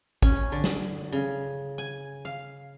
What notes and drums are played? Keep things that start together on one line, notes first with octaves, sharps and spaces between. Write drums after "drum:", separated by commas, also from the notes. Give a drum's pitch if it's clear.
C#4, drum: kick
D3
drum: snare
C#3
G#5
F5